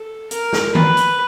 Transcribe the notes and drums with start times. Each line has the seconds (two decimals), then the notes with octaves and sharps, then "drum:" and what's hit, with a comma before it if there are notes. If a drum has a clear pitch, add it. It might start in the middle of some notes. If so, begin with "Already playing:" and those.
Already playing: A4
0.31 A#4, drum: hi-hat
0.53 drum: snare
0.75 B4, drum: tom D#3
0.97 drum: hi-hat